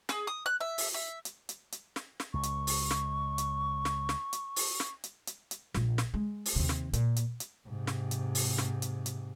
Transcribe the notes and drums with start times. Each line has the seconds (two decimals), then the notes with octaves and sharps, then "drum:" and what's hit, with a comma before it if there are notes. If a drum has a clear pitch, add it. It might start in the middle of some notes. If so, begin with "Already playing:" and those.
0.09 G#4, drum: snare
0.27 D#6
0.46 F#6
0.61 E5
0.78 drum: open hi-hat
0.94 E5
1.25 drum: hi-hat
1.49 drum: hi-hat
1.72 drum: hi-hat
1.96 drum: snare
2.20 drum: snare
2.34 C#2 C#6
2.43 drum: hi-hat
2.67 drum: open hi-hat
2.91 drum: snare
3.38 drum: hi-hat
3.85 drum: snare
4.09 drum: snare
4.33 drum: hi-hat
4.56 drum: open hi-hat
4.80 drum: snare
5.04 drum: hi-hat
5.27 drum: hi-hat
5.51 drum: hi-hat
5.75 A#1 F4, drum: snare
5.98 drum: snare
6.14 G#3
6.45 drum: open hi-hat
6.56 D#2 C3
6.69 drum: snare
6.93 A#2, drum: hi-hat
7.16 drum: hi-hat
7.40 drum: hi-hat
7.68 G#2 C3
7.87 drum: snare
8.11 drum: hi-hat
8.35 drum: open hi-hat
8.58 drum: snare
8.82 drum: hi-hat
9.06 drum: hi-hat